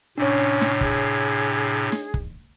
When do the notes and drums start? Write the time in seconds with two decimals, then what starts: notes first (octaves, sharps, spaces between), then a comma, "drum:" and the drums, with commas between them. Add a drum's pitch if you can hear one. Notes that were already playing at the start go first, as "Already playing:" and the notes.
0.18 A2 C3 C#4 D4 C#5
0.61 drum: snare
0.81 G#4, drum: kick
1.92 drum: snare
2.14 drum: kick